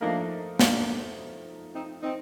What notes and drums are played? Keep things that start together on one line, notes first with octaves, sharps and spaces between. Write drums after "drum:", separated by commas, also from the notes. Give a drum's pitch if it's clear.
F3 A3 A#3 D4 D#4 A#4
A#3 D4, drum: snare
C4 D#4
C4 D#4